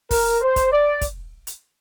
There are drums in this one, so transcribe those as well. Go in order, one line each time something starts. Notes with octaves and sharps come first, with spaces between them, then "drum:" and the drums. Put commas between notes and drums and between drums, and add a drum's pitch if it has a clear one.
A#4, drum: kick, open hi-hat
C5
drum: kick, hi-hat
D5
drum: kick, hi-hat
drum: hi-hat